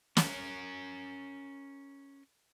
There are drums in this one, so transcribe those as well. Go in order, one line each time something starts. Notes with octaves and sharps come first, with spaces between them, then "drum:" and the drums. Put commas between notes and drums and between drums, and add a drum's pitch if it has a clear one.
C#4 A#4, drum: snare